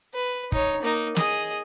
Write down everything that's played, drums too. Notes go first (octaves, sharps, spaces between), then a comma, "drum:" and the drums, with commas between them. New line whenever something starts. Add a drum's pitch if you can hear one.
B4
D#4 C#5, drum: kick
A#3 D#4
G#4 D#5, drum: snare